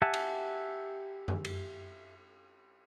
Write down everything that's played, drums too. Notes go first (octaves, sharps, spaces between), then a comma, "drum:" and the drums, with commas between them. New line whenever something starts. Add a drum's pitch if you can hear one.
G4 E5 F#5 G#5 A5
drum: cymbal
drum: tom F#2
drum: cymbal